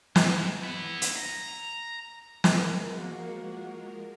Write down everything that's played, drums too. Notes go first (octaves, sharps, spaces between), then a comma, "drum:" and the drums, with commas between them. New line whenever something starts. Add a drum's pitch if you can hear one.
G#2, drum: snare
B3 E4
drum: hi-hat
A#5
F3 G#3 A#4, drum: snare
A#3 F#4